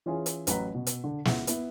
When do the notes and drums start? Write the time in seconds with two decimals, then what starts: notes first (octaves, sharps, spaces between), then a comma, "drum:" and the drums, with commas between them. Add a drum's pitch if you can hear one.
0.06 E3 C#4 F4 G#4
0.26 drum: hi-hat
0.47 A1 F#3 B4 F#5 A#5, drum: hi-hat
0.74 B2
0.87 drum: hi-hat
1.04 D3
1.25 C#2 E4 F#5, drum: snare
1.47 B3 E4, drum: hi-hat